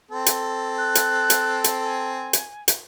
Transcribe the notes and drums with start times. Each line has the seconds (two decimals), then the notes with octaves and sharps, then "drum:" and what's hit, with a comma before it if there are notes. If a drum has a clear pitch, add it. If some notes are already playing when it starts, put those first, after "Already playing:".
0.11 C4 A4
0.26 drum: hi-hat
0.78 F#6
0.95 drum: hi-hat
1.30 drum: hi-hat
1.64 drum: hi-hat
1.83 G#5
2.33 drum: hi-hat
2.68 drum: hi-hat